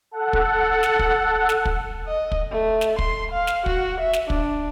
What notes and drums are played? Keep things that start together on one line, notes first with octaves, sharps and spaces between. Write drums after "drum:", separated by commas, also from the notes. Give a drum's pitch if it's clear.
A4 F#5
drum: kick
drum: snare
drum: kick
drum: snare
drum: kick
D#5
drum: kick
A3
drum: snare
C6, drum: kick
F5
drum: snare
F#4, drum: kick
E5
drum: snare
D4, drum: kick